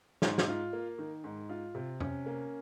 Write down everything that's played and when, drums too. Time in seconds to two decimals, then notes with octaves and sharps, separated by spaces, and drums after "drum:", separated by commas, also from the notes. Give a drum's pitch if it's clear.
0.22 G#2, drum: snare
0.38 drum: snare
0.48 F4
0.73 A#3
0.98 D#3
1.24 G#2
1.49 F4
1.75 C3
2.00 C#4, drum: tom
2.26 A#3